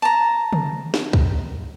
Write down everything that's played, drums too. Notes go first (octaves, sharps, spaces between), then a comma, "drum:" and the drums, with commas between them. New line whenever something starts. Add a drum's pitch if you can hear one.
A5 A#5
drum: tom C#3
drum: snare
drum: kick